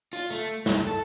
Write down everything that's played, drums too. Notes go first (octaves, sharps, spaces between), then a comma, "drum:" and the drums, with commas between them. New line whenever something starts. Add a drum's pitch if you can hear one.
F4, drum: hi-hat
A3
G2, drum: snare
A4